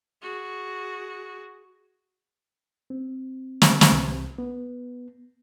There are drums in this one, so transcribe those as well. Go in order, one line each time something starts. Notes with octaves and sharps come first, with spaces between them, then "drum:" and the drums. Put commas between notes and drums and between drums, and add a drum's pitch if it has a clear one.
F#4 G#4
C4
drum: snare
drum: snare
C2
B3